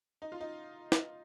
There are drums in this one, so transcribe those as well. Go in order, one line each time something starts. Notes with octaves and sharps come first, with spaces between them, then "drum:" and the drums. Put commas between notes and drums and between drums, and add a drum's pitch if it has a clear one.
D#4
F4
D#4
drum: snare